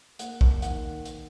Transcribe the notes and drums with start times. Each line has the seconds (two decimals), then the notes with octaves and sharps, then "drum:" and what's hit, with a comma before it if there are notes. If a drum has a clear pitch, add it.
0.19 A#3 F#5, drum: hi-hat
0.41 drum: kick
0.62 D#3 F#5, drum: hi-hat
1.05 drum: hi-hat